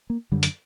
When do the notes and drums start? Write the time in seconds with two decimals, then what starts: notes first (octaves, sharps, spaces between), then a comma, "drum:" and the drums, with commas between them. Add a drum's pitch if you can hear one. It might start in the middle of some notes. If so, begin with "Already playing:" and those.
0.10 A#3
0.32 F#2 D3 G3
0.43 drum: hi-hat